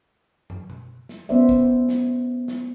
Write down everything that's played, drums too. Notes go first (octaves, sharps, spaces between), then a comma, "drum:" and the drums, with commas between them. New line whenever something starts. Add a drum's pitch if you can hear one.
drum: tom
drum: tom B2
drum: snare
B3 C#4 C5 D5 E5
drum: kick
drum: snare
drum: snare